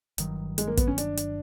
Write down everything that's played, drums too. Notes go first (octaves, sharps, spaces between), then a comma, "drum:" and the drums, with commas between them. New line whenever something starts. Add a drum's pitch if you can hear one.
G1 G2 D#3 F#3, drum: hi-hat
G#3, drum: hi-hat
A#3
B3, drum: kick, hi-hat
C#4
D4, drum: hi-hat
drum: hi-hat